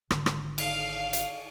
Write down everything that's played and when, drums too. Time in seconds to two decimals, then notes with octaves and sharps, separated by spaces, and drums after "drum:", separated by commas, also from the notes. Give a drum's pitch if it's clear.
0.11 G#1 D3, drum: rim click
0.26 drum: rim click
0.58 F5, drum: cymbal
1.13 drum: hi-hat